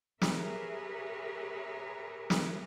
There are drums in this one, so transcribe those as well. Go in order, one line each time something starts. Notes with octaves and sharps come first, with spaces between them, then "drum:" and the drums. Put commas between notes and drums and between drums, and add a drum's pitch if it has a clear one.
G4 G#4 A#4 B4 C#5 E5, drum: snare
drum: snare